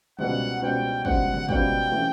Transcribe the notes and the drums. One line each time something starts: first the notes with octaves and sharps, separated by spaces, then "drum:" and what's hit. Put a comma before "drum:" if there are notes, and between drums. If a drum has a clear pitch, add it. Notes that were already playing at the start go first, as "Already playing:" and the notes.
C#2 B2 G3 C4 D#4 F#5, drum: tom B2
C#2 B2 G3 C4 D#4 G5
C#2 B2 G3 C4 D#4 F#5, drum: kick
drum: tom B2
C#2 B2 G3 C4 D#4 G5, drum: kick
C3 E3 A3 C#4